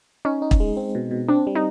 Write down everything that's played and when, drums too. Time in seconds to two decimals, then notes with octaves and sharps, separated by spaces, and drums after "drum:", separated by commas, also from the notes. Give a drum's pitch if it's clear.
0.25 C#4 D#4
0.42 D#4
0.51 drum: kick
0.60 G#3
0.77 C4
0.95 B2
1.11 B2
1.29 C4 D4
1.47 G3
1.55 D#4